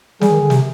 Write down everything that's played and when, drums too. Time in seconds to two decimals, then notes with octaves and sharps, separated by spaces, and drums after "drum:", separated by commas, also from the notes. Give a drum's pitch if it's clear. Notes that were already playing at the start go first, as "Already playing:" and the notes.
0.21 G3 G#4, drum: snare
0.30 D#3
0.40 D3
0.50 C3, drum: snare